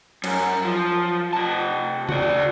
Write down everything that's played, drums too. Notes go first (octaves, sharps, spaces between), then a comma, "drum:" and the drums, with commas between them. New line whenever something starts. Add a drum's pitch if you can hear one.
F#2, drum: cymbal
F3
C3 A5
F#4 D5, drum: tom C#3